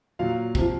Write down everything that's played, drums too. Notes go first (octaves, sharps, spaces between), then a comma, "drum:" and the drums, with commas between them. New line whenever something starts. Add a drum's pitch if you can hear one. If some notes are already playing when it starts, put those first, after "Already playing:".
A#2 F#3 F5
C3 F3, drum: kick